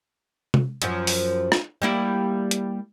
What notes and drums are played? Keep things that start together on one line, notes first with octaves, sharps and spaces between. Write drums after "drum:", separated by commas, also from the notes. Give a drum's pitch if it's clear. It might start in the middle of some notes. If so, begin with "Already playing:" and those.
drum: tom C3
F#2 F3, drum: hi-hat
drum: open hi-hat
drum: rim click
G3 A#3 E4
drum: hi-hat